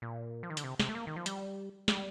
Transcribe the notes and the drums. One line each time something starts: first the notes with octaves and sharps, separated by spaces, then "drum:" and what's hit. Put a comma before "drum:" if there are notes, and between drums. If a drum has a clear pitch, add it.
A#2
F3
D#3
D3, drum: hi-hat
C3
C3, drum: snare
A3
A#3
D#3
F3
G3, drum: hi-hat
G3, drum: snare